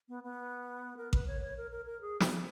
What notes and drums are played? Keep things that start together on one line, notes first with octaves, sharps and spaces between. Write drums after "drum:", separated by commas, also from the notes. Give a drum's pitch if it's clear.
B3
B3
A#4
B4, drum: kick A1
C#5
C#5
A#4
A#4
A#4
G#4
drum: snare